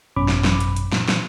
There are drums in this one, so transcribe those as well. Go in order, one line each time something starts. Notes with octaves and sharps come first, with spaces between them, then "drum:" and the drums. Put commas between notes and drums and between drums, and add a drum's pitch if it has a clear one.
G#1 F#2 B2 C#4 B5 D6
drum: snare
drum: snare
drum: hi-hat
drum: hi-hat
A#2, drum: snare
drum: snare